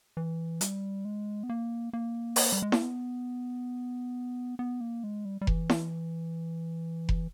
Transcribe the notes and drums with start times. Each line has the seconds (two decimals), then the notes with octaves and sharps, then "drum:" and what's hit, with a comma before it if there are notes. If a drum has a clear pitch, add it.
0.17 E3
0.61 G3, drum: hi-hat
1.05 G#3
1.43 B3
1.49 A#3
1.93 A#3
2.36 drum: open hi-hat
2.52 G3
2.62 G#3
2.72 A#3, drum: snare E4
2.82 B3
4.59 B3
4.81 A#3
5.04 G#3
5.25 G3
5.41 G3
5.47 E3, drum: kick F1
5.70 drum: snare E4
7.09 drum: kick F1